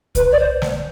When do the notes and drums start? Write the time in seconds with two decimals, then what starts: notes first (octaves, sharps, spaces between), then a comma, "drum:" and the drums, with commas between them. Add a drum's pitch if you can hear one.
0.15 B4, drum: kick C2, hi-hat
0.31 D5
0.39 C5
0.62 drum: snare